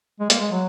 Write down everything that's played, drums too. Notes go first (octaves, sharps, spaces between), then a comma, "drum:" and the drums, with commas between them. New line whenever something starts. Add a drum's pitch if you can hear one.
G#3
A#3, drum: hi-hat
G#3
F#3